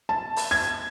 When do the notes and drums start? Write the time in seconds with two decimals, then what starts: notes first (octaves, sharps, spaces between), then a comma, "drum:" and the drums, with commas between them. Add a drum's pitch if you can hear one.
0.09 A5
0.36 drum: open hi-hat
0.51 G#6